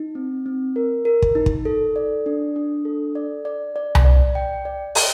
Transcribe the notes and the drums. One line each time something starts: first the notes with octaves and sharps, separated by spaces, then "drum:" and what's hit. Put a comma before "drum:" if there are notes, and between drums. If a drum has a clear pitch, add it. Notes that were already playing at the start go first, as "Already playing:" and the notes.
Already playing: D#4
C4
C4
A#4
A#4
drum: kick
D#4
drum: kick
A4
D5
D4
D4
A4
D5
D5
D5
drum: tom C2
D5
G5
D5
G5, drum: open hi-hat